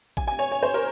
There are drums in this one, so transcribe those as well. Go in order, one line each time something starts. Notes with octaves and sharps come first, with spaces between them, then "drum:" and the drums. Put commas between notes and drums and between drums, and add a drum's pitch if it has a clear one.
G#5, drum: kick A1
G#5
C#5
C#5
C5
A#4